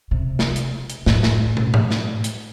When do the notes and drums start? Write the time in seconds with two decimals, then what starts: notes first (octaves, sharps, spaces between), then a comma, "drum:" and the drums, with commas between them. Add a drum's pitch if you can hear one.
0.11 C3
0.39 drum: snare
0.56 drum: hi-hat
0.90 drum: hi-hat
1.06 A2, drum: snare
1.23 drum: snare
1.57 drum: tom
1.74 drum: tom G#2
1.91 drum: snare
2.24 drum: hi-hat